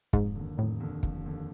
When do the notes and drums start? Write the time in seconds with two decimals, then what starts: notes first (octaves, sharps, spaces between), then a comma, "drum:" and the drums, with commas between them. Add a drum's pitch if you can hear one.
0.13 F1 G#2, drum: kick
0.35 D#2 D3
0.57 F1 A2
0.80 D#2 D3
1.03 F1, drum: kick
1.26 D#2 D3